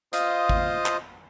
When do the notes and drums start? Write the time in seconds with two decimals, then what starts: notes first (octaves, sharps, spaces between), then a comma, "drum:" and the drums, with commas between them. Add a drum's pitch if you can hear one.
0.13 F4 C5 D#5 F5 D#6, drum: hi-hat
0.49 drum: kick G#1
0.86 drum: clap